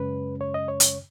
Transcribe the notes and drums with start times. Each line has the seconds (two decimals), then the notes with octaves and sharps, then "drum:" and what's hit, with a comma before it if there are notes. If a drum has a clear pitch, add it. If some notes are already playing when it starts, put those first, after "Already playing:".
Already playing: F#2 C#3 G#3 C#4 B4
0.41 C#5
0.54 D#5
0.68 C#5
0.80 drum: hi-hat